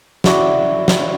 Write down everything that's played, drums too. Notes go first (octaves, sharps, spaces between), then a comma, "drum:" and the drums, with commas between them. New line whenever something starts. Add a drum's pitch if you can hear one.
E4 F#4 D5 D6, drum: snare
drum: snare